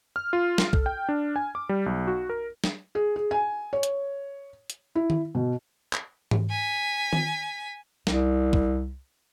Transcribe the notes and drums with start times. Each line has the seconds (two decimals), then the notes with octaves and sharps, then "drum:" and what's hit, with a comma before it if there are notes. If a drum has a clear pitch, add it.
0.16 F6
0.33 F4
0.58 drum: snare
0.73 A4, drum: kick
0.86 G5
1.09 D4
1.36 G#5
1.55 D6
1.69 G3
1.86 B1
2.08 F#4
2.29 A#4
2.64 drum: snare
2.95 G#4
3.16 G#4
3.31 G#5
3.73 C#5
3.83 drum: hi-hat
4.70 drum: hi-hat
4.95 E4
5.10 drum: tom D#3
5.35 B2
5.93 drum: clap
6.31 drum: tom G#2
6.50 G#5 B6
7.13 drum: tom D#3
8.07 C2, drum: snare
8.53 drum: kick